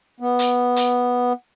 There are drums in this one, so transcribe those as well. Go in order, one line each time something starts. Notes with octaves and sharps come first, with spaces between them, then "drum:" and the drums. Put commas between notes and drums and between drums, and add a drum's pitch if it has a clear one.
B3
drum: hi-hat
drum: hi-hat